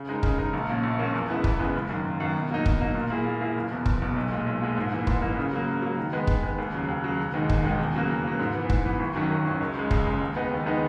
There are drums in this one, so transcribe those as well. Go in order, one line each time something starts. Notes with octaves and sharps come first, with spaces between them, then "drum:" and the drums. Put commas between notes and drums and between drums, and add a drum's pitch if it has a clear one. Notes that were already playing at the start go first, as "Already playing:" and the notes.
Already playing: C#3
G#3 D#4 A#4
C#3, drum: kick
G#3 D#4 A#4
A#1
A#2 A#3 C#4
A#1
A#2 A#3 C#4
E2
C#3 G#3 B3 E4
E2, drum: kick
C#3 G#3 B3 E4
F#1
F#2 D#3
F#1
F#2 D#3
B2
F#3 A#3 D#4
B2, drum: kick
F#3 A#3 D#4
A#2
A#3 E4 G#4
A#2
A#3 E4 G#4
F#1
E2 B2
F#1, drum: kick
E2 B2
B1
A#2 G#3
B1
A#2 G#3
G#2
E3 A#3
G#2, drum: kick
E3 A#3
C#3
F#3 A#3
C#3
F#3 A#3
D#3
G#3 B3
D#3, drum: kick
G#3 B3
D#2
C#3 F#3
D#2
C#3 F#3
E1
D#2 D#3 G#3 D#4
E1, drum: kick
D#2 D#3 G#3 D#4
E2
C#3 F#3 A#3
E2
C#3 F#3 A#3
G#2
E3 B3
G#2, drum: kick
E3 B3
G#1
F#2 D#3 F#3 C#4
G#1
F#2 D#3 F#3 C#4
C#2
C#3 G#3
C#2, drum: kick
C#3 G#3
D#2
D#3 G#3 B3 D#4
D#2
D#3 G#3 B3 D#4